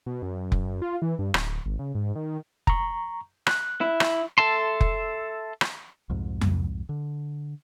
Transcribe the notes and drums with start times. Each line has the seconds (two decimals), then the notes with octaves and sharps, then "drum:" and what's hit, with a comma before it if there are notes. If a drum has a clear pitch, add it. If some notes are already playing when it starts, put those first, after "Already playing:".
0.06 B2
0.22 F#2
0.52 drum: kick F1
0.82 F4
1.02 E3
1.19 G2
1.34 D1, drum: rim click
1.65 G#1
1.79 C#3
1.95 G#2
2.16 D#3
2.67 A#5 C#6, drum: kick F1
3.47 F#6, drum: rim click
3.81 E4
4.00 drum: rim click
4.38 A4 E5 A5 C6
4.81 drum: kick F1
5.61 drum: rim click
6.10 C2 F2 G#2
6.41 drum: tom F2
6.89 D3